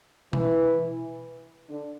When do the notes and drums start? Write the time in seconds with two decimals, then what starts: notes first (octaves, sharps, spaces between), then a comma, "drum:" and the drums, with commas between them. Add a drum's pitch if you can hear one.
0.33 E3, drum: tom B2
1.69 D3